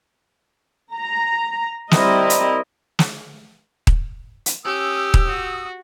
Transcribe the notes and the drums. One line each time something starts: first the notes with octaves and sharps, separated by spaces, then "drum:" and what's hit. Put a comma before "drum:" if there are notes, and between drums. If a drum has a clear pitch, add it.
A#5
G3 C4 E4 A#4 D#5, drum: snare
drum: hi-hat
drum: snare
drum: kick D#1
drum: hi-hat
C#4 G4 D#6 E6
drum: kick D#1
F#4